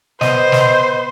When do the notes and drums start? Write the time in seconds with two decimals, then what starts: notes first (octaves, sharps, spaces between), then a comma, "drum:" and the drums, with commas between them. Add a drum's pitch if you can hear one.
0.21 B3 C5 D#5, drum: snare
0.52 drum: snare